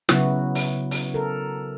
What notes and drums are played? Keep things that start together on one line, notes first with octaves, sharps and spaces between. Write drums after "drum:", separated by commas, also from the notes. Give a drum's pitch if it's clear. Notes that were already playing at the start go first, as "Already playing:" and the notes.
C#3 F#3 B3 E4 F#4, drum: snare
drum: open hi-hat
drum: open hi-hat
A4 A#4